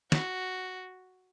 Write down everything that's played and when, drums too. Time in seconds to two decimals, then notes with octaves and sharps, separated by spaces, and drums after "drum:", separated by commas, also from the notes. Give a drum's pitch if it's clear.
0.12 F#4, drum: snare